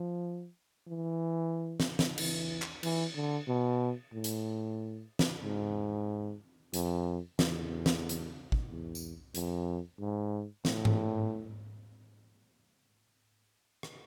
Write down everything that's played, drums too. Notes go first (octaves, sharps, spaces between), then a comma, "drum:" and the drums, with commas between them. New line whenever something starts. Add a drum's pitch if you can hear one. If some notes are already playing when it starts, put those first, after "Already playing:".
Already playing: F3
E3
drum: snare
drum: snare
E3, drum: cymbal
drum: clap
E3, drum: cymbal
D3
B2
A2
drum: hi-hat
drum: snare
G#2
F2, drum: hi-hat
E2, drum: snare
drum: snare
drum: hi-hat
drum: kick
E2
drum: tambourine
F2, drum: hi-hat
G#2
A2, drum: snare
drum: tom G#2
drum: rim click